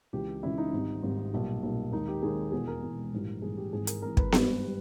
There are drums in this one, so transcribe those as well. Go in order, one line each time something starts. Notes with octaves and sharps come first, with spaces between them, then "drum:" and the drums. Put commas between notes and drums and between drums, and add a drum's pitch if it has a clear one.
C#2 C#3 E3 G#3 G4
C#2 C#3 E3 G#3 E4
D#4
G#1 G#2 G3
G#1 G#2 G3
B1 A#2 G3
B1 A#2 G3
D#2 D#3 G#3 D#4
G4
D#2 D#3 G#3 G#4
E1 E2 B2 G#3 G#4
A#4
E1 E2 B2 G#3
A#1 G#2 E3 G3
A#1 G#2 E3 G3 G#4
G4
G#1 G#2 E3 G#4
A#4, drum: hi-hat
G#1 G#2 E3 A#4
B4, drum: kick
G#1 G2 G3, drum: snare B3
G3